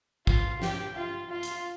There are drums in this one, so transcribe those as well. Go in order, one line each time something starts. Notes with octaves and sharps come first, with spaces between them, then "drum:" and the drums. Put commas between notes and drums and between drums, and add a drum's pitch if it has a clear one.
F4, drum: kick
G4, drum: snare
F4
F4
drum: hi-hat